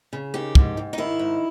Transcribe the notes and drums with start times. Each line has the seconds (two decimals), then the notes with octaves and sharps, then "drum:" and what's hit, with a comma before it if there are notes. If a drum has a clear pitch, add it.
0.13 C#3
0.34 D#3 G4
0.55 G#2, drum: kick
0.77 G#2
0.93 D#4
0.98 D#3 E4
1.19 G#2